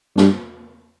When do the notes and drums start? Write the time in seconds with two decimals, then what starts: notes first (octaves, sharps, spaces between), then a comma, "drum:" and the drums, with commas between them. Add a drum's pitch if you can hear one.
0.18 G2, drum: snare